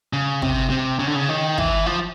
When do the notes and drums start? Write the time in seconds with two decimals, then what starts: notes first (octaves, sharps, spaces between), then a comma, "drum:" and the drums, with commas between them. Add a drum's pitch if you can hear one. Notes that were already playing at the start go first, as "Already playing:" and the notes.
0.13 C#3
0.42 C3, drum: kick
0.70 C3
0.99 C#3
1.07 D3
1.15 C#3
1.29 D#3
1.58 E3, drum: kick
1.86 F3